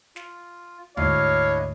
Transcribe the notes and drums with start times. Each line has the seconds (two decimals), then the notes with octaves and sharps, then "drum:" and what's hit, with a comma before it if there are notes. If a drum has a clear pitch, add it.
0.16 F4, drum: snare
0.97 D2 G#2 D4 E4 C#5 D#5 F5, drum: tom D#2